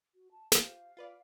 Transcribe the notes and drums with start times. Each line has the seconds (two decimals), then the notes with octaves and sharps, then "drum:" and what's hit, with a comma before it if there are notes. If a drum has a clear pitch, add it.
0.15 F#4
0.31 A5
0.52 F4 G4 C5 F5, drum: snare
0.97 F4 B4 D5